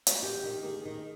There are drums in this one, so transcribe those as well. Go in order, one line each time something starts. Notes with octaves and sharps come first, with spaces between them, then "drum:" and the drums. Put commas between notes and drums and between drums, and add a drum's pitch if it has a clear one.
drum: hi-hat
D#3 G4
D#3
D#3 G#4
D#3